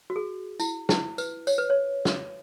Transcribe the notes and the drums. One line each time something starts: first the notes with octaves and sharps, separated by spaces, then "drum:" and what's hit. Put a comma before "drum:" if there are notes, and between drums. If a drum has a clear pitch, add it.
F#4
G#4
E4, drum: tambourine
E4, drum: snare
B4, drum: tambourine
C#5, drum: tambourine
B4
C#5
drum: snare